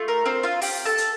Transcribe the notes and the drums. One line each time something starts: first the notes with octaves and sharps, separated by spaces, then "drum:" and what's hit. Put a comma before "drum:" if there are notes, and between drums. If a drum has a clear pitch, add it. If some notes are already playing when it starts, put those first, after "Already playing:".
Already playing: A3 F4
A#4
C4 C5
F4 F5
G4 G5, drum: open hi-hat
A4 A5
drum: hi-hat